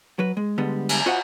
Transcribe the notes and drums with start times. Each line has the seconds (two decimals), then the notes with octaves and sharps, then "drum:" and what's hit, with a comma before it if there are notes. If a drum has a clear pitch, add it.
0.19 F#3 B4
0.37 G#3
0.58 D3 G3 G#3 B3
0.89 drum: cymbal
1.06 F4 F#4 C5 D#5 F5 F#5